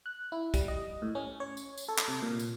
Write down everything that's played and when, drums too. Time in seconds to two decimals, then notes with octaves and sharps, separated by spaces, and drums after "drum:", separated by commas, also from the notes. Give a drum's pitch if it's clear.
0.06 F#6
0.32 E4
0.54 G3, drum: kick, tambourine
0.68 D#5
1.02 A2
1.15 C#4
1.40 C#5
1.57 drum: tambourine
1.78 drum: tambourine
1.88 A4
1.98 drum: clap
2.08 C3
2.22 A#2
2.39 drum: tambourine